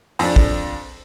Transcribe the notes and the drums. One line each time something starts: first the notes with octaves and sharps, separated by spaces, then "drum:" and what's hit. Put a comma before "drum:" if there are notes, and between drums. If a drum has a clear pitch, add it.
F2 D4, drum: open hi-hat
drum: kick